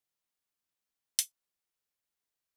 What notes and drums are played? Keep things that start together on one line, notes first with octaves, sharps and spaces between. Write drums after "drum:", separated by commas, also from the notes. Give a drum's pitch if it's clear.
A#2 D#3 G3
drum: hi-hat